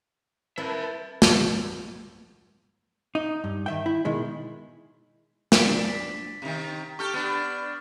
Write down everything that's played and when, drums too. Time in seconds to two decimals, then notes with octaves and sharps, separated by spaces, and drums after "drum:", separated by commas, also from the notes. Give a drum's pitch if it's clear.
0.58 E4 A#4 B4 E5 A5
1.22 drum: snare
3.15 D#4
3.44 G2
3.66 D#3 E5 G5
3.86 E4
4.05 B2 D#3 G#3 E4
5.52 D4 B6, drum: snare
5.89 B6
6.42 C3 D#3
6.99 G4 A4 C#6 F6 G6
7.14 B3 D4 F6